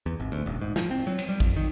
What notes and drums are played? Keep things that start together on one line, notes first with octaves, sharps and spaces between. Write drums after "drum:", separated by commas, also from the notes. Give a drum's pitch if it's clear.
E2
G#1
D2
D#1
G#2
F3, drum: snare
C4
F#3
drum: cymbal
G3
F2, drum: kick A1
D#3